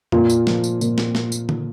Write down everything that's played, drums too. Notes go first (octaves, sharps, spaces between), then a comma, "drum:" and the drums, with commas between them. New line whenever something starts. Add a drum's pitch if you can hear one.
A#2 F4, drum: tom F2
drum: tambourine
F3, drum: snare
drum: tambourine
A#2, drum: tambourine
drum: snare
drum: snare
drum: tambourine
drum: tom D3